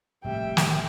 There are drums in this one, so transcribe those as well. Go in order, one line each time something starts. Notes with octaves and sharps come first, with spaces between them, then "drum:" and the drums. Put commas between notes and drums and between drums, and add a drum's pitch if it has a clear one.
F1 A2 G3 G#3 E5 G5
drum: snare